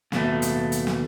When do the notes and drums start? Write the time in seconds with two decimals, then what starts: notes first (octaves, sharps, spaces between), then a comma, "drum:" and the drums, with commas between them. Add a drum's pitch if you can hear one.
0.12 D#2 B2 A3, drum: snare
0.42 drum: hi-hat
0.72 drum: hi-hat
0.87 drum: snare